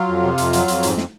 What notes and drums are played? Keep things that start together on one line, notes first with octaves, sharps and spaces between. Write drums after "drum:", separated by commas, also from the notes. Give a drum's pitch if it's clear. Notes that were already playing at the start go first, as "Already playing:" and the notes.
Already playing: F#3 F4
F2
C3
F2, drum: hi-hat
F#3, drum: hi-hat
F2, drum: hi-hat
G#2, drum: hi-hat
drum: snare